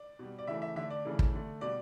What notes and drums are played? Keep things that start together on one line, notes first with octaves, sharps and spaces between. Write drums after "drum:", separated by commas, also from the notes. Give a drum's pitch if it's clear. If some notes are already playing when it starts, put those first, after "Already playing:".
Already playing: D5
B2 G3
D5
C#3 E3 A3 E5
E5
D3 A3 E5
D5
C#3 E3 A3
drum: kick
D3 A3
B2 G3 D5